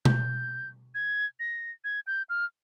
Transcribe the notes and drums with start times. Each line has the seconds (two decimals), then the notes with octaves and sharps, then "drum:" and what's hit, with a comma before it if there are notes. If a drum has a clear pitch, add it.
0.05 G6, drum: tom B2
0.95 G#6
1.40 A#6
1.84 G#6
2.07 G6
2.29 F6